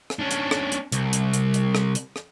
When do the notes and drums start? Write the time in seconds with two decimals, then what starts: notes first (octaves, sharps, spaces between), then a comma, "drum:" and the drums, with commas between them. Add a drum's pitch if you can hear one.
0.10 drum: rim click
0.19 C#4 D4
0.31 drum: hi-hat
0.51 drum: rim click
0.72 drum: hi-hat
0.92 C2, drum: hi-hat
1.13 drum: hi-hat
1.33 drum: hi-hat
1.54 drum: hi-hat
1.75 drum: rim click
1.95 drum: hi-hat
2.16 drum: rim click